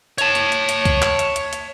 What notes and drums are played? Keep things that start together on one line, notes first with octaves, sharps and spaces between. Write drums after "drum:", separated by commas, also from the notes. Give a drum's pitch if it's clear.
C#5 A5, drum: hi-hat
drum: hi-hat
drum: hi-hat
drum: hi-hat
drum: kick, hi-hat
drum: clap
drum: hi-hat
drum: hi-hat
drum: hi-hat